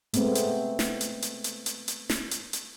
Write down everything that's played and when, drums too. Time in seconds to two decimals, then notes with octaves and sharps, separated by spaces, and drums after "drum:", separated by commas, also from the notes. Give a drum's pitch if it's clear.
0.14 G#3 A3 B3 C4, drum: hi-hat
0.35 drum: hi-hat
0.79 drum: snare
1.01 drum: hi-hat
1.22 drum: hi-hat
1.44 drum: hi-hat
1.66 drum: hi-hat
1.88 drum: hi-hat
2.10 drum: snare
2.31 drum: hi-hat
2.53 drum: hi-hat